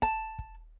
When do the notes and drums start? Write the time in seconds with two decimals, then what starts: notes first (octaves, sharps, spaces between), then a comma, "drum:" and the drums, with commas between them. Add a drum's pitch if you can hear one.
0.02 A5, drum: kick
0.39 drum: kick